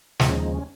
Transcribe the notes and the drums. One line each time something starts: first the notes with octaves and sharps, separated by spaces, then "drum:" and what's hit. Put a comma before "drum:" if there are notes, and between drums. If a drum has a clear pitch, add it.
D#2 C#3 F3 G#3 F4, drum: snare
C#4
D#4
C#4